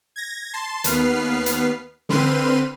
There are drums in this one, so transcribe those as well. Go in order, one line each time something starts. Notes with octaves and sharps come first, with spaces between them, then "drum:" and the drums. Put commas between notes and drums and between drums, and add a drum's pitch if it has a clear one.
G#6 A#6
A5 C6
D#2 B3 B4 F6 C7, drum: hi-hat
drum: hi-hat
D3 C4 B4 C6 F6 D#7, drum: snare